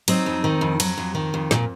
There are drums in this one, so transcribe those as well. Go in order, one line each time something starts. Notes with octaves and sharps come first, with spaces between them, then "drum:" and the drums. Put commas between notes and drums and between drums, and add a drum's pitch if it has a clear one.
F#3 C4 D#4, drum: cymbal
F2
D#3
F2
F#3, drum: cymbal
F2
D#3
F2
A#2, drum: snare